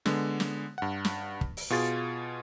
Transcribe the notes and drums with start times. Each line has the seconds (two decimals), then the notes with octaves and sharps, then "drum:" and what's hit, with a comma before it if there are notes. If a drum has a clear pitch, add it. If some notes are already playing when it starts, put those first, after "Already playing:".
0.06 D3 G#3 B3, drum: snare
0.40 drum: snare
0.78 G2 F#5
1.05 drum: snare
1.41 drum: kick
1.57 drum: open hi-hat
1.70 B2 F4 G#4 A6